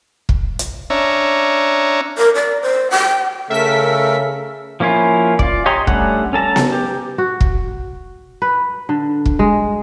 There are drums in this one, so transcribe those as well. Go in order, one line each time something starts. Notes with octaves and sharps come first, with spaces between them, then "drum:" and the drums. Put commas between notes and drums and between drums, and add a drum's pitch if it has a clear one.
drum: kick
drum: hi-hat
C#4 D4 C#5 E5 A#5
A#4
D5
C5
G5
C#3 A3 A4 A#4 E5 B6
F3 A#3 C#4 E4 F4
F4 D5, drum: kick
G4 C#5 D#5 A#5 C6
G3 A3 C#4 D4 F#5, drum: kick
C#4 A4 A5 A#5
drum: snare B3
G4
F#4
drum: kick
B4
D3
drum: kick
G#3